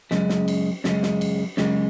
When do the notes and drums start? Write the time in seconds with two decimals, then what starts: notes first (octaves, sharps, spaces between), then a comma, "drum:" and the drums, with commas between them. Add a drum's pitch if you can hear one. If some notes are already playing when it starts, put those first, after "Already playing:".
0.11 F#2 C#3 G#3, drum: snare
0.29 drum: snare
0.48 drum: cymbal
0.84 F#2 C#3 G#3, drum: snare
1.03 drum: snare
1.21 drum: cymbal
1.57 F#2 C#3 G#3, drum: snare